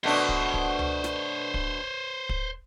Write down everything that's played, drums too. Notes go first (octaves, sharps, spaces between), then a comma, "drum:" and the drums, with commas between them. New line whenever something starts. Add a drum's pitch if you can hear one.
B2 A3 D4 C5 C#5
drum: kick
drum: kick
drum: tom C#2
drum: snare
drum: kick
drum: kick